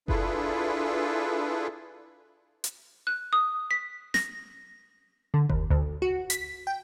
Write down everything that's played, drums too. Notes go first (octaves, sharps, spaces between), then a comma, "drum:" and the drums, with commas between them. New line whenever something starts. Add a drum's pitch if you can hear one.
D4 E4 F4 G#4 A4 B4, drum: kick F#1
drum: hi-hat
F#6
D#6
B6
A#6, drum: snare
D3
D#2, drum: kick F#1
D2
F#4
B6, drum: hi-hat
G5